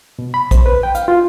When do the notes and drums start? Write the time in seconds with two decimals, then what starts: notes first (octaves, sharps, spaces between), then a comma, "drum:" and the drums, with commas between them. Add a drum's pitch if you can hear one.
0.19 B2
0.34 B5
0.51 C5, drum: kick, hi-hat
0.66 B4
0.83 G5
0.95 F5, drum: hi-hat
1.08 F4